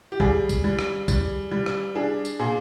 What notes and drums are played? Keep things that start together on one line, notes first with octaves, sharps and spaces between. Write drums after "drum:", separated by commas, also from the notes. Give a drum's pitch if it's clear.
G4
G3 G#4, drum: kick
drum: kick, tambourine
G3
drum: rim click
G3, drum: kick, tambourine
G3
drum: rim click
D4 G#4
drum: tambourine
A#2 G#4